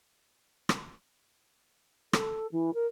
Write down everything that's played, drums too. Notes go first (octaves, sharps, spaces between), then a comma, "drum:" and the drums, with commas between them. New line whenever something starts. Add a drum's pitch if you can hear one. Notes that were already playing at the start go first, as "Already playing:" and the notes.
drum: rim click
A4, drum: rim click
E3
A#4